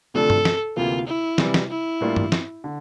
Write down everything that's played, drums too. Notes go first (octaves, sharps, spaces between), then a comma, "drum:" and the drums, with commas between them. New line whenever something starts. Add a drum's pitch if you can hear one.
D2 C3 F3 A3 D4 A4
drum: tom G2
drum: snare
D2 C3 E3 A#3 F4
E4
C3 E3 G3, drum: snare
drum: snare
E4
A2 G3 A#3 D4 F4
drum: tom G2
drum: snare
D3